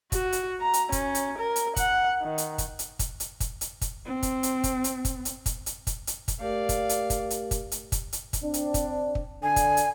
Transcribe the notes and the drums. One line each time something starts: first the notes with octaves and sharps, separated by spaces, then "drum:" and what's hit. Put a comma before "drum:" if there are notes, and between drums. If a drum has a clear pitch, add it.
F#4, drum: kick, hi-hat
drum: hi-hat
A#5
drum: hi-hat
C#4, drum: kick, hi-hat
drum: hi-hat
A#4
drum: hi-hat
F#5, drum: kick, hi-hat
D#3
drum: hi-hat
drum: kick, hi-hat
drum: hi-hat
drum: kick, hi-hat
drum: hi-hat
drum: kick, hi-hat
drum: hi-hat
drum: kick, hi-hat
C4
drum: kick, hi-hat
drum: hi-hat
drum: kick, hi-hat
drum: hi-hat
drum: kick, hi-hat
drum: hi-hat
drum: kick, hi-hat
drum: hi-hat
drum: kick, hi-hat
drum: hi-hat
drum: kick, hi-hat
A3 G4 A#4 D5 F5
drum: kick, hi-hat
drum: hi-hat
drum: kick, hi-hat
drum: hi-hat
drum: kick, hi-hat
drum: hi-hat
drum: kick, hi-hat
drum: hi-hat
drum: kick, hi-hat
C4 D4
drum: hi-hat
drum: kick, hi-hat
drum: kick
D3 G#5
drum: kick, hi-hat
drum: hi-hat